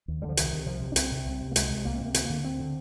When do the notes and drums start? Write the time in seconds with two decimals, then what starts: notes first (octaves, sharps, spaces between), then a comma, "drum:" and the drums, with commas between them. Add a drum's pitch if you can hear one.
0.08 D#2
0.22 D3 G3
0.29 F3
0.37 C2 D#3, drum: hi-hat
0.52 C3
0.66 C2 F3
0.81 C3
0.92 D4
0.96 C2 C4, drum: hi-hat
1.12 C3
1.26 C2
1.41 C3
1.52 A#3
1.56 C2 G#3, drum: hi-hat
1.70 C3
1.85 C2 A#3
1.96 C4
2.00 C3
2.06 A#3
2.14 D2 C4, drum: hi-hat
2.25 D3 A#3
2.44 D2 C4
2.60 D3